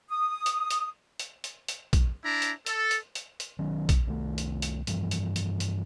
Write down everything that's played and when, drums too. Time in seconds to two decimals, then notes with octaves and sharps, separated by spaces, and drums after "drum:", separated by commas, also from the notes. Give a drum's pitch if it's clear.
0.10 D#6
0.46 drum: hi-hat
0.70 drum: hi-hat
1.19 drum: hi-hat
1.44 drum: hi-hat
1.68 drum: hi-hat
1.93 drum: kick, hi-hat
2.24 D4 E4 A#5
2.42 drum: hi-hat
2.66 A4, drum: hi-hat
2.91 drum: hi-hat
3.15 drum: hi-hat
3.40 drum: hi-hat
3.59 D#3 F#3 C#4
3.89 drum: kick, hi-hat
4.07 C2 D#3 G3 A3
4.38 drum: hi-hat
4.62 drum: hi-hat
4.87 G2 E3 F3 G3, drum: hi-hat
5.11 drum: hi-hat
5.36 drum: hi-hat
5.60 drum: hi-hat